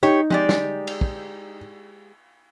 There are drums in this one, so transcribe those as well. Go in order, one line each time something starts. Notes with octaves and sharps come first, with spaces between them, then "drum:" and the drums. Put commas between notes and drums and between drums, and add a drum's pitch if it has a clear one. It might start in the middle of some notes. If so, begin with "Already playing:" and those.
D#4 G4 C#5
G#3 G4 D5, drum: tom F3
drum: snare
drum: cymbal
drum: kick